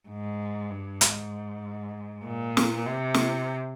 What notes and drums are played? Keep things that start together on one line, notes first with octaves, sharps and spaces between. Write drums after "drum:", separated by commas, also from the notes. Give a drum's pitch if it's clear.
G#2
G2
G#2, drum: hi-hat
A#2
drum: snare
C3
drum: snare